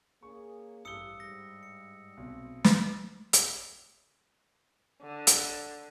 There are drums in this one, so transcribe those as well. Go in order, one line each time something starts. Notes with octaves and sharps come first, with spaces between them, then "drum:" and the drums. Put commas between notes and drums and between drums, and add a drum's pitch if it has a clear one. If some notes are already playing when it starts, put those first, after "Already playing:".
A#3 C#4 G#4 C#6
A1 G2 D#6 E6 C#7 G7
G#2 G3 A#6
C#7
B1 C3
drum: snare
drum: hi-hat
D3
drum: hi-hat